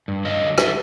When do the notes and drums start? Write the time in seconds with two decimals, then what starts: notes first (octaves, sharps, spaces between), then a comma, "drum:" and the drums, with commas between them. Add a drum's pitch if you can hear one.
0.08 G2
0.25 F#3 D#5 F5
0.41 D3
0.58 D3 D5 E5, drum: rim click